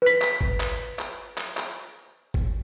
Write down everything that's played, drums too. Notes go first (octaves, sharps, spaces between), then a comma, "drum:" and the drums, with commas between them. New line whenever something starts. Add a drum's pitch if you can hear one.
B4 B6
drum: clap
drum: kick
drum: clap
drum: clap
drum: clap
drum: clap
drum: kick